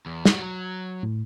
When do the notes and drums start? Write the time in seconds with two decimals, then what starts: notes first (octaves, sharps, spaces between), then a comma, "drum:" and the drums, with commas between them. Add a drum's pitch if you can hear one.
0.06 E2
0.25 G3 F#4, drum: snare
0.42 F#3
1.03 A2